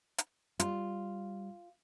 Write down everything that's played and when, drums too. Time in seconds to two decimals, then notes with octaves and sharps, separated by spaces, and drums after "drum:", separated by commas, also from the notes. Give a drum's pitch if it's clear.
0.18 drum: hi-hat
0.60 G3 F4, drum: hi-hat